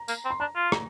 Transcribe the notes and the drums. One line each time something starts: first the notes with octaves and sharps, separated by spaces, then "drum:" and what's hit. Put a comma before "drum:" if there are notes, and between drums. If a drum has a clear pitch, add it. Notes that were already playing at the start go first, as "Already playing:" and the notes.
Already playing: A#5
A#3, drum: tambourine
C4
C6
D4 A#5
F4
A#5, drum: rim click